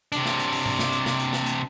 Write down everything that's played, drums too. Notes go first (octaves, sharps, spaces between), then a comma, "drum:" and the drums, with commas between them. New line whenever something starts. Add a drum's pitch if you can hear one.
C3 D4, drum: hi-hat
drum: snare
drum: hi-hat
drum: open hi-hat
drum: tom G2
drum: snare
drum: hi-hat
drum: snare
drum: hi-hat
drum: snare
drum: hi-hat